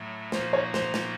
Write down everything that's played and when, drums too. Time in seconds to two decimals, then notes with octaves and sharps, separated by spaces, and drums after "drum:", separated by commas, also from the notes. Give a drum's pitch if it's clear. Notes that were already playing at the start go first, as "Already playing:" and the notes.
Already playing: A2 F#3 A3
0.32 A#2 F3 A#3 D#4 F#4 C5, drum: snare
0.53 C#5
0.74 C5, drum: snare
0.94 drum: snare